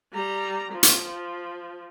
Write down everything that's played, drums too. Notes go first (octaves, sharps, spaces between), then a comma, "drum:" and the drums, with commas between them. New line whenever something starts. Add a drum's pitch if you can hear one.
G3 A#5
F3
drum: hi-hat